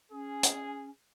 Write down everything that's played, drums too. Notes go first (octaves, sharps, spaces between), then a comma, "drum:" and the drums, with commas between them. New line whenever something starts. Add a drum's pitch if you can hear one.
C#4 G#4
drum: hi-hat